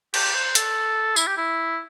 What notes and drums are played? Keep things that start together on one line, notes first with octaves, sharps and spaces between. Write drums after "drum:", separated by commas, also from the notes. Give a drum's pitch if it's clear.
G4, drum: cymbal
C5
A4, drum: hi-hat
E4, drum: tambourine
G4
E4